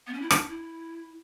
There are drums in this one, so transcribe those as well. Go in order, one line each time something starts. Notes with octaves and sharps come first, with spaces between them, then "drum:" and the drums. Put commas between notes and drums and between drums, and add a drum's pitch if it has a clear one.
B3
C#4
E4
D4, drum: rim click
E4